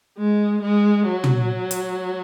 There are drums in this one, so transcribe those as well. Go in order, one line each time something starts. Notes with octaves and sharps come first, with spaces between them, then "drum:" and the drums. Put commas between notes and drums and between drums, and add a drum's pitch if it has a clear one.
G#3
G#3
F#3
drum: tom
drum: hi-hat